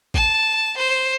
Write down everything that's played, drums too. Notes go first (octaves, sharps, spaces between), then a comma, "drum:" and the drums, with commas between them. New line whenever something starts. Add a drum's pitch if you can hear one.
A5, drum: kick
C5